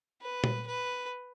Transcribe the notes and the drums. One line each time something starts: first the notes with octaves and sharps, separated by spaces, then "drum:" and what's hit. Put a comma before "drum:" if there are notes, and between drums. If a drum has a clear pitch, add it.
B4
drum: tom A#2
B4